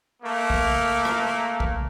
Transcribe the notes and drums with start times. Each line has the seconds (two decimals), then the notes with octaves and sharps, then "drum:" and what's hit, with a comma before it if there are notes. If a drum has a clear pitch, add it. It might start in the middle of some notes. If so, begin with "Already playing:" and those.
0.22 A3 A#3
0.50 drum: kick B1
1.05 drum: rim click
1.60 drum: kick B1